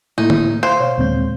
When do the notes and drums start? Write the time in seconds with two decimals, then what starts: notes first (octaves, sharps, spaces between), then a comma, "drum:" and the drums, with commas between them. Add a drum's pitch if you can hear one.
0.18 A2 A3 A#3 D#4 E4
0.30 drum: tom D3
0.63 C5 F5
0.80 B2 C#5 F5
0.98 D#2 A#2 D3 G#3 C4 G6